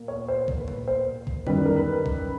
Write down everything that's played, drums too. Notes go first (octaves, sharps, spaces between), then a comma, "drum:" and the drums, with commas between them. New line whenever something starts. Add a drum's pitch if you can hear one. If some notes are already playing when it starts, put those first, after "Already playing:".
Already playing: A#2
C#5
C5
drum: kick A1
B4
drum: tom A2
C5
drum: kick A1
F#2 D#3 G3 B4, drum: tom D3
A#4
B4
drum: kick A1